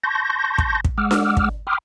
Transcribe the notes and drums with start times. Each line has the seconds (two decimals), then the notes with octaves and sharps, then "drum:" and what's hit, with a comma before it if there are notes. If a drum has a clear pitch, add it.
0.04 A5 C6 C#6 G6 A#6
0.58 drum: kick
0.85 drum: kick
0.98 G#3 F#5 D6 E6 F6
1.11 drum: snare D4
1.37 drum: kick
1.67 G5 B5 C6 D6 D#6 F6